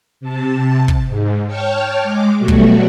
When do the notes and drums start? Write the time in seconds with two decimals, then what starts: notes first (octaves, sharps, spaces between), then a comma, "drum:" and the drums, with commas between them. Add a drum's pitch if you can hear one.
0.21 C3 A5
0.88 drum: kick
1.08 G#2
1.47 C#5 G5 A5 C#6 F6
2.00 G#3 D6
2.39 B2 F#3 G3 A3 F#4
2.48 drum: kick